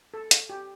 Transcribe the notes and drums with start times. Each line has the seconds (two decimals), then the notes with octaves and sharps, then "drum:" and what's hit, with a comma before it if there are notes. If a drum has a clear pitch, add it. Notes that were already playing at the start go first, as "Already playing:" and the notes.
0.14 A4
0.31 drum: hi-hat
0.50 G4